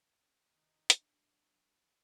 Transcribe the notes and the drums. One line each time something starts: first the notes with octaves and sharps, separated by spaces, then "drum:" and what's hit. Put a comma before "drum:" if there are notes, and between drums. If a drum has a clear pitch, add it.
C#4
D#3 D#4
D4, drum: hi-hat
F#3